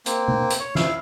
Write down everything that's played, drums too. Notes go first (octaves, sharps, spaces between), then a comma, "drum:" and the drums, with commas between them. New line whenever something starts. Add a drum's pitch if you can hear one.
A#3 C4, drum: hi-hat
drum: tom C3
drum: hi-hat
C#5
E4 F5, drum: snare